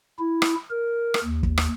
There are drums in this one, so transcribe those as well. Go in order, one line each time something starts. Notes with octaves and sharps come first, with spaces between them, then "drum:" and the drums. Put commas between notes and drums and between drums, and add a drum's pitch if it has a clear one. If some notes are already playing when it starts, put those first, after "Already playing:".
E4
drum: rim click
A#4
drum: rim click
D#2
drum: kick
drum: rim click